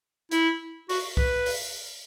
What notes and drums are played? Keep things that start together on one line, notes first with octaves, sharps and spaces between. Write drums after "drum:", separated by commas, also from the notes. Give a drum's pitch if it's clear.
E4, drum: hi-hat
F#4, drum: open hi-hat
B4, drum: kick C2
drum: open hi-hat